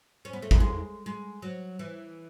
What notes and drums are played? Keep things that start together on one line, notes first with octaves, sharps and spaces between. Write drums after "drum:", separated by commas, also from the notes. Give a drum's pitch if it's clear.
C#4
B3
A3
B3, drum: kick G#1
G#3
G#3
F#3
E3